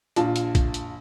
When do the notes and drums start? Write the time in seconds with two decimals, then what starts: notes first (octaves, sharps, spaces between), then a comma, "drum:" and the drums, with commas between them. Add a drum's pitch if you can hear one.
0.16 A#1 F4 A5, drum: hi-hat
0.36 drum: hi-hat
0.55 drum: kick A#1, hi-hat
0.74 drum: hi-hat